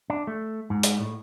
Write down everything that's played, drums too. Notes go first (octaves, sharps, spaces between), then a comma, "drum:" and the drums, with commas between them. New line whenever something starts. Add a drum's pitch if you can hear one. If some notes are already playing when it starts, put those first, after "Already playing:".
D4
A3
G#2
drum: hi-hat
A2